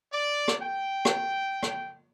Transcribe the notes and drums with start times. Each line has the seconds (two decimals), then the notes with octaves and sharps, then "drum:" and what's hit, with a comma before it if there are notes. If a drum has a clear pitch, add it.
0.12 D5
0.48 drum: rim click
0.62 G5
1.05 drum: rim click
1.63 drum: rim click